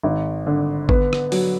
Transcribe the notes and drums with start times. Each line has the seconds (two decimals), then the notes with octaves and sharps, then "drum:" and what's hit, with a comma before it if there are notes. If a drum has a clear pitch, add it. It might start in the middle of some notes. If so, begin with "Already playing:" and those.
0.03 G#1
0.47 D3
0.89 B3, drum: kick G#1
1.13 drum: rim click
1.32 F#3, drum: open hi-hat